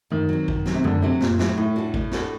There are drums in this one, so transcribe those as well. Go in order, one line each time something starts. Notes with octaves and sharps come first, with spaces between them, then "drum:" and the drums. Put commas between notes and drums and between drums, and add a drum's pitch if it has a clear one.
F#2 D#3
F#3 C4
F#2, drum: kick G#1
F#3 C4, drum: snare
C3
F#2 D3
C3 F#3 C4
F#2 A#2, drum: snare
A2 F#3 C4, drum: snare
A2 A3
D4 F#4 A4
A3, drum: kick G#1
D4 F#4 A4, drum: snare